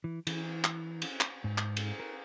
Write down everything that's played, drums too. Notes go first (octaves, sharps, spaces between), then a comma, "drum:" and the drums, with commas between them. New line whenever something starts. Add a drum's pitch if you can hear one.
E3
E3, drum: cymbal
drum: clap
drum: cymbal
drum: clap
G#2
drum: clap
drum: cymbal
A#4